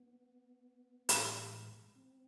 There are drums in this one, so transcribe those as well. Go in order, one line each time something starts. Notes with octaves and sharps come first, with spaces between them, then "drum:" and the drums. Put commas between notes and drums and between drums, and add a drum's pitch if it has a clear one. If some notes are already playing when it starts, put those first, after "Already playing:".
Already playing: B3
A2 E3 G#3, drum: hi-hat
C4